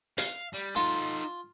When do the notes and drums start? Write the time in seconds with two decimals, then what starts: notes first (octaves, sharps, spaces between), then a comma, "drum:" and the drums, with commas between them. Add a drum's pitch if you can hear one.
0.18 F5, drum: hi-hat
0.53 G3
0.76 D#4 F4 A4